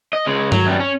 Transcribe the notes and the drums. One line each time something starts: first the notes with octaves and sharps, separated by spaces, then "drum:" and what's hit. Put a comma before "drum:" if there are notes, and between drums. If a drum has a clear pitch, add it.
D#5
C#3 G#3
F#3, drum: tom G2
F#2 G3
C#4